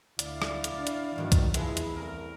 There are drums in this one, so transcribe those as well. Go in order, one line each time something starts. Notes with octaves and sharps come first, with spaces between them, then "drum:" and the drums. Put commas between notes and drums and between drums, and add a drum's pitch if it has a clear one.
D2 E4 D5 F5, drum: hi-hat
drum: rim click
drum: hi-hat
D4
drum: hi-hat
G#2 D#3 E3 F#3
drum: kick C2, hi-hat
E2 F3 G#3 E4 G#4 B4, drum: hi-hat
drum: hi-hat
C2 A3 A#4